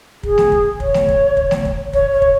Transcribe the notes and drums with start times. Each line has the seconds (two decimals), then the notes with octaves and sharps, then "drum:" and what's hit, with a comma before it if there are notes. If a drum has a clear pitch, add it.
0.23 G#4, drum: kick
0.38 drum: snare A3
0.52 drum: kick
0.80 C#5, drum: kick
0.94 drum: snare A3
1.08 drum: kick
1.37 drum: kick
1.51 drum: snare A3
1.65 drum: kick
1.93 C#5, drum: kick
2.13 C#5
2.22 drum: kick